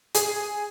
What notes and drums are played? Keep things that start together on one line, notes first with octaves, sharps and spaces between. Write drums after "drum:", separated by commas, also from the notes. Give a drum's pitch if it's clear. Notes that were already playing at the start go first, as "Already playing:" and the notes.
G#4, drum: hi-hat